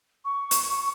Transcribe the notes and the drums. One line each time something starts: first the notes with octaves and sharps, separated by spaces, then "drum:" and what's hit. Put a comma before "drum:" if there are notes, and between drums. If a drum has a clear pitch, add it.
C#6
drum: hi-hat